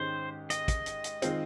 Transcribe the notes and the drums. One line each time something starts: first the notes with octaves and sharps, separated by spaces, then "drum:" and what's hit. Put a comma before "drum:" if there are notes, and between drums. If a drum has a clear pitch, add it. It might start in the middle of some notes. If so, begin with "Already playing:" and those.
Already playing: G#2 D#3 G#3 C#4 G4 C5
D#5, drum: hi-hat
drum: kick, hi-hat
drum: hi-hat
drum: hi-hat
D#3 G#3 C4 F4, drum: hi-hat